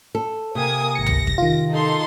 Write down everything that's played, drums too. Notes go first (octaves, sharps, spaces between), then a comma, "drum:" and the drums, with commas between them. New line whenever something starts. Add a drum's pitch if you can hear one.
A4
C3 A#3 G#5 D#6
G#1 A#6 C#7
drum: tom
drum: kick F2
D#3 F4
D#4 A4 C6